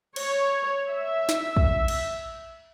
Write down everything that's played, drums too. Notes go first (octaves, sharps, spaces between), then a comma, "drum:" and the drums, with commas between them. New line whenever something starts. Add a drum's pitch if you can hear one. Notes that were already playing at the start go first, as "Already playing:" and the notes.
C#5, drum: cymbal
E5
drum: snare
drum: kick
drum: cymbal